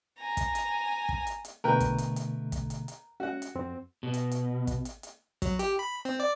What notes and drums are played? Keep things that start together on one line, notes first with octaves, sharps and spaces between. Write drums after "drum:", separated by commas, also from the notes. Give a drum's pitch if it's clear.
G#5 A#5
drum: kick, hi-hat
drum: hi-hat
drum: kick
drum: hi-hat
drum: hi-hat
B2 D3 A3 A#4 B4 G5
drum: kick, hi-hat
drum: hi-hat
drum: hi-hat
drum: kick, hi-hat
drum: hi-hat
drum: hi-hat
C#4 F#4 F#5
drum: hi-hat
F2 C4
B2
drum: hi-hat
drum: hi-hat
drum: kick, hi-hat
drum: hi-hat
drum: hi-hat
F#3, drum: kick, hi-hat
G4, drum: hi-hat
B5
C4
D5